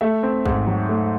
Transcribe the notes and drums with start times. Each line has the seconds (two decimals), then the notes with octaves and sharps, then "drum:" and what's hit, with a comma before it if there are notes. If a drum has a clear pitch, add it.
0.01 A3 E5
0.23 C4
0.46 G#2, drum: kick
0.67 F#3
0.89 A3